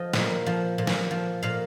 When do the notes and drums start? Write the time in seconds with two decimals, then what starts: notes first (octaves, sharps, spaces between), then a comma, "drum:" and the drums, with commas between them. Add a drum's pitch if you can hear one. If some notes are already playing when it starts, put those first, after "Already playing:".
Already playing: F3 D#5
0.14 A#2, drum: snare
0.46 F3
0.78 A#2
0.87 drum: snare
1.11 F3
1.43 A#2 F5